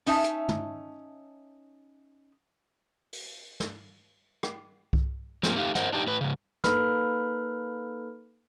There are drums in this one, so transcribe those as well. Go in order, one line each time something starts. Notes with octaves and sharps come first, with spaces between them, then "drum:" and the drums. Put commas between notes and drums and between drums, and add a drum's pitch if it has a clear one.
C#4 D#4 E5 A5, drum: open hi-hat
drum: hi-hat
drum: tom
drum: open hi-hat
drum: snare
drum: rim click
drum: kick C2
F3 A#3 C4, drum: snare
A3 D#4 G4 F5
A#4 C5 D#5 F#5, drum: snare
D4 D#4 G4
A2 B4
G#2 C#3
A#3 D#4 A4 B4 B5 F6, drum: snare